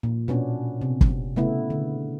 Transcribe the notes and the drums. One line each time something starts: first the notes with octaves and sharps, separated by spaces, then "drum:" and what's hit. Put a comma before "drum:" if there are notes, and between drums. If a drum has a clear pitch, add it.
A#2
B2 B3 C#4 D4
C3
drum: kick
C#3 A3 B3 E4
D3